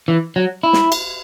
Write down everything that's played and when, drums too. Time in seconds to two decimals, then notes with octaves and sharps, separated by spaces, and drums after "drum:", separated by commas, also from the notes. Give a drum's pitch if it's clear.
0.08 E3
0.36 F#3
0.63 E4
0.73 drum: snare
0.92 drum: cymbal